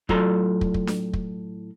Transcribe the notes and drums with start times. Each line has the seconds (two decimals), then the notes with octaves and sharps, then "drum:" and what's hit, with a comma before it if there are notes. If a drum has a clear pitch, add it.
0.09 A2 F#3 F4 A4 D5 A#5, drum: kick
0.61 drum: kick
0.74 drum: kick
0.87 drum: snare D4
1.13 drum: kick